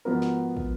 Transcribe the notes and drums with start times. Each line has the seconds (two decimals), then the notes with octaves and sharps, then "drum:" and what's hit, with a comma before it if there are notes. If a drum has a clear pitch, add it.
0.05 G#2 F3 B3 F#4 A#4
0.22 drum: snare
0.57 drum: kick